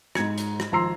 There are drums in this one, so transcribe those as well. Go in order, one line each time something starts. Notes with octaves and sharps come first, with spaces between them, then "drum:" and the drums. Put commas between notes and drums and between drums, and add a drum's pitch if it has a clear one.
G#2 G#3 G#6 C#7, drum: rim click
drum: hi-hat
drum: rim click
G#1 F3 A#5 C6 E6 C7